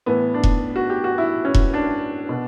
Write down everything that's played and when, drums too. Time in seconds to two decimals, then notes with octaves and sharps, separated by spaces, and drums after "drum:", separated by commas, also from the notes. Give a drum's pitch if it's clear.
0.06 A2 E3 B3
0.34 D4
0.43 drum: kick E1
0.76 F#4
0.90 G4
1.04 F#4
1.18 E4
1.45 C#4
1.54 drum: kick E1
1.74 D4
2.29 B2